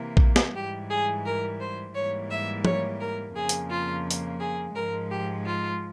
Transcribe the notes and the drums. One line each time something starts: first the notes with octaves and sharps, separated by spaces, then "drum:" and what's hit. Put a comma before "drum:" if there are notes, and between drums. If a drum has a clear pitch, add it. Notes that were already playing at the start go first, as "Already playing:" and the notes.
Already playing: C3 E3 A#3
drum: kick A#1
drum: snare
G#2 E3 G3 G4
G#4
A#4
C5
G#2 E3 G3 A#3 C#5
E5
C#5, drum: tom F3
A#4
F2 C#3 F3 A#3 G#4
drum: hi-hat
F4
drum: hi-hat
G#4
G#2 F3 G#3 A#4
G4
F4